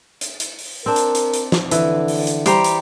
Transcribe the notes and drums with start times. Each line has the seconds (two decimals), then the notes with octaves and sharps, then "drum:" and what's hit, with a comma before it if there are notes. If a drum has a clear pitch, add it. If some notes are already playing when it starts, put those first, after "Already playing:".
0.21 drum: hi-hat
0.40 drum: hi-hat
0.59 drum: open hi-hat
0.86 C4 D4 A#4
0.96 drum: hi-hat
1.15 drum: hi-hat
1.34 drum: hi-hat
1.52 drum: snare
1.71 D3 E3, drum: hi-hat
2.08 drum: open hi-hat
2.27 drum: hi-hat
2.46 G3 G4 C5 A#5, drum: hi-hat
2.64 drum: hi-hat